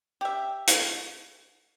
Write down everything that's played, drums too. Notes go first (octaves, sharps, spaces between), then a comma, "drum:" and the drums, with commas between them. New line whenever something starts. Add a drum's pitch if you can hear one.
G4 E5
drum: hi-hat